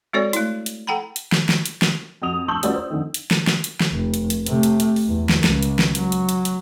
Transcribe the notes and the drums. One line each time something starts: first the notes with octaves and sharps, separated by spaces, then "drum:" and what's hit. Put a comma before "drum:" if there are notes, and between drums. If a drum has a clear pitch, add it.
G#3 C4 F#4 A4 C#5 D5
A3 E4, drum: hi-hat
drum: hi-hat
A4 F#5 G5 A#5 B5
drum: hi-hat
drum: snare
drum: snare
drum: hi-hat
drum: snare
F2 F#4 D#6 F7
A5 C6 C#6 E6 G6 F#7
G3 C#4 F4 F#4 B4 D5, drum: hi-hat
C5
F2 D3 D#3
drum: hi-hat
drum: snare
drum: snare
drum: hi-hat
drum: snare
F1
drum: hi-hat
drum: hi-hat
C3 A3, drum: hi-hat
drum: hi-hat
drum: hi-hat
drum: open hi-hat
E2
drum: snare
C#2, drum: snare
drum: hi-hat
drum: snare
F#3, drum: hi-hat
drum: hi-hat
drum: hi-hat
drum: hi-hat